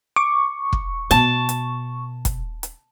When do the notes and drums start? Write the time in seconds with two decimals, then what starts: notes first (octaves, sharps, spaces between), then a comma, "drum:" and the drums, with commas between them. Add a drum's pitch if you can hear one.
0.16 C#6 D6
0.73 drum: kick
1.11 B2 A5, drum: hi-hat
1.49 drum: hi-hat
2.25 drum: kick, hi-hat
2.63 drum: hi-hat